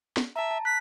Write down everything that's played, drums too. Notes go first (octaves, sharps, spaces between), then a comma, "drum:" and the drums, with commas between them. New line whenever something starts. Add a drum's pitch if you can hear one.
drum: snare
E5 A5 A#5
A5
F#6 B6